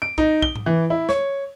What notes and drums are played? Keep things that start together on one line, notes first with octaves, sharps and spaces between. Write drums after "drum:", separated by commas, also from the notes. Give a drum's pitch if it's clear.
D7
D#4, drum: kick B1
G7, drum: kick B1
drum: tom G#2
E3
E4
C#5, drum: snare